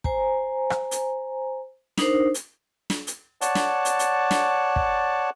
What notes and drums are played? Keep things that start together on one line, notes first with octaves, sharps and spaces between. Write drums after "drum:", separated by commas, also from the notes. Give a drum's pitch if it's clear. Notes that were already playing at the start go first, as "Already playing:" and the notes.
C5 G#5 A#5, drum: kick
drum: rim click
drum: hi-hat
D4 D#4 A#4 C5, drum: snare
drum: hi-hat
drum: snare
drum: hi-hat
C#5 D5 F#5 A5, drum: hi-hat
drum: snare
drum: hi-hat
drum: hi-hat
drum: snare
drum: kick